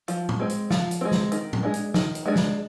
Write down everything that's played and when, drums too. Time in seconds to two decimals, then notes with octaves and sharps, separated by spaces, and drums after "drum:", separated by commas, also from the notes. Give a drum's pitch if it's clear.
0.08 F3, drum: hi-hat
0.29 drum: tom A2
0.39 G#3 C4
0.50 drum: hi-hat
0.71 F3, drum: snare
0.91 drum: hi-hat
1.01 G#3 C4
1.12 drum: snare
1.32 D#3, drum: hi-hat
1.53 drum: tom A2
1.63 G#3 D4 G#4
1.74 drum: hi-hat
1.94 D#3, drum: snare
2.15 drum: hi-hat
2.25 G#3 D4 G#4
2.36 drum: snare